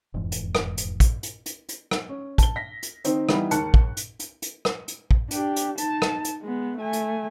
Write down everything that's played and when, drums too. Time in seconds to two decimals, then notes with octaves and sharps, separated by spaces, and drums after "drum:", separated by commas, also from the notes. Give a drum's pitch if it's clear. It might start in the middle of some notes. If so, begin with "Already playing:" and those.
0.14 E1 F2 G#2 E3
0.32 drum: hi-hat
0.55 drum: rim click
0.77 drum: hi-hat
1.00 drum: kick, hi-hat
1.23 drum: hi-hat
1.46 drum: hi-hat
1.69 drum: hi-hat
1.91 drum: rim click
2.09 C#4
2.38 A5 G7, drum: kick, hi-hat
2.56 A#6 B6
2.83 drum: hi-hat
3.04 D#3 C4 D#4, drum: hi-hat
3.29 E3 G3 B3 D#4, drum: rim click
3.51 D#2 G#2 A#4 A5 F#6 C#7, drum: hi-hat
3.74 drum: kick
3.97 drum: hi-hat
4.19 drum: hi-hat
4.42 drum: hi-hat
4.65 drum: rim click
4.88 drum: hi-hat
5.11 drum: kick
5.31 D4 G4, drum: hi-hat
5.56 drum: hi-hat
5.78 D#4 A5, drum: hi-hat
6.02 drum: rim click
6.25 drum: hi-hat
6.41 G#3 B3
6.78 A3 G#5
6.93 drum: hi-hat